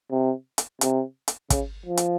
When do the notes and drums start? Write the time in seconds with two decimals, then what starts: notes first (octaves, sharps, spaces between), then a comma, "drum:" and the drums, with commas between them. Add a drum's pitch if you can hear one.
0.11 C3
0.58 drum: hi-hat
0.81 C3, drum: hi-hat
1.28 drum: hi-hat
1.50 C#3, drum: kick, hi-hat
1.86 F3
1.97 drum: hi-hat